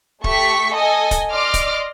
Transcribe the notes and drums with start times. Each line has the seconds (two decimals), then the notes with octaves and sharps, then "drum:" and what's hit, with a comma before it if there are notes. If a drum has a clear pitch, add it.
0.24 A3 G4 C#6 B6, drum: kick D1
0.72 A4 D#5 G#5
1.11 drum: kick D1, hi-hat
1.32 D5 D#5 C6 D6 F6
1.54 drum: kick D1, hi-hat